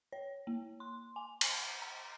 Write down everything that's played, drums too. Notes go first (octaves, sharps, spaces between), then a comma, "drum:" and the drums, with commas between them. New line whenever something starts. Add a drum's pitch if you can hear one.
C#5
A#3
C6
G#5
G7, drum: cymbal
A#5